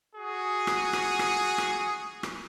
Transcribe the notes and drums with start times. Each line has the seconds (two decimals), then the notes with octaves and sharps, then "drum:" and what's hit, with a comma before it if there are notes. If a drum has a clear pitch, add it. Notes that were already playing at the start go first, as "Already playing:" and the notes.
0.15 F#4 G#4
0.67 drum: rim click
0.93 drum: rim click
1.19 drum: rim click
1.58 drum: rim click
2.23 drum: rim click